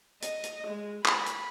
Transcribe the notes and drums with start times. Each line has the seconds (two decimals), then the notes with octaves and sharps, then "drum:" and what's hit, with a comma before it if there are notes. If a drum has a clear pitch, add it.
0.22 D#5, drum: hi-hat
0.43 drum: hi-hat
0.67 G#3
1.06 B5, drum: clap
1.26 drum: hi-hat